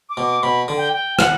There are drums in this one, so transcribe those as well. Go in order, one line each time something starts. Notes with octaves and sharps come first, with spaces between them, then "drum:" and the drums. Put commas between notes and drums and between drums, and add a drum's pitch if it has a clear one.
D6
B2
D6
B2 B5
D3
G5
G5
F#5, drum: rim click